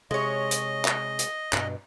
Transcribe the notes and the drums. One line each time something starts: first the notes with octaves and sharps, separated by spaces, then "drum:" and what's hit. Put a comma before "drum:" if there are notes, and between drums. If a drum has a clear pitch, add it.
C3 G#3 C#5 D#5
drum: hi-hat
drum: clap
drum: hi-hat
G2 B2, drum: clap